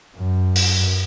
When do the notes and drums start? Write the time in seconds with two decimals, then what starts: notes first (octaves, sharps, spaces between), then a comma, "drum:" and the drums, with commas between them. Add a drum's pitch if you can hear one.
0.17 F#2
0.56 drum: open hi-hat